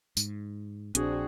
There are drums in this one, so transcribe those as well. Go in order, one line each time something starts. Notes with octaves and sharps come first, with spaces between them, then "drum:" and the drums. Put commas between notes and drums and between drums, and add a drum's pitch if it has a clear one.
G#2, drum: tambourine
A#1 C4 D4 F#4 G#4, drum: hi-hat